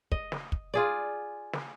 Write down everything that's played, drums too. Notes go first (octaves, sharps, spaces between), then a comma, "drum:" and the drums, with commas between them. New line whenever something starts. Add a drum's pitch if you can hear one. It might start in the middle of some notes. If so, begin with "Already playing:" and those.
D#5, drum: kick
drum: snare
drum: kick
F4 G#4 D5
drum: snare